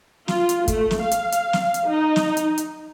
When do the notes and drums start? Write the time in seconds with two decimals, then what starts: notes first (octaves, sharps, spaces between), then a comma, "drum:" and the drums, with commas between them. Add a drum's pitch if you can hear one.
0.28 F4, drum: snare
0.49 drum: hi-hat
0.68 A3, drum: kick, hi-hat
0.91 drum: snare
1.00 F5
1.11 drum: hi-hat
1.32 drum: hi-hat
1.53 drum: snare
1.74 drum: hi-hat
1.87 D#4
2.16 drum: snare
2.37 drum: hi-hat
2.58 drum: hi-hat